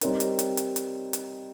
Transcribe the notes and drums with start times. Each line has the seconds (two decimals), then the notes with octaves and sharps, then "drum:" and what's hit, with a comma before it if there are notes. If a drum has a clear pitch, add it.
0.01 G3 C4 D#4 A#4 C#5, drum: hi-hat
0.20 drum: hi-hat
0.39 drum: hi-hat
0.57 drum: hi-hat
0.76 drum: hi-hat
1.13 drum: hi-hat